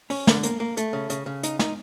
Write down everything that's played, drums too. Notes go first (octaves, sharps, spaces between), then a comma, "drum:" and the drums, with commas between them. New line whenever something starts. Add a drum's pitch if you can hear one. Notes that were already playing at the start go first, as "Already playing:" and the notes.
C#4, drum: open hi-hat
D3, drum: snare
A#3, drum: hi-hat
A#3
A3, drum: hi-hat
C#3
C#3, drum: hi-hat
C#3
D#4, drum: hi-hat
D#4, drum: snare